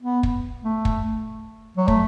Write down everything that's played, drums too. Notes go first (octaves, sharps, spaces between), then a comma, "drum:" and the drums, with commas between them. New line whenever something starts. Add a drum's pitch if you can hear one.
B3
drum: kick
A3
drum: kick
F#3
A3, drum: kick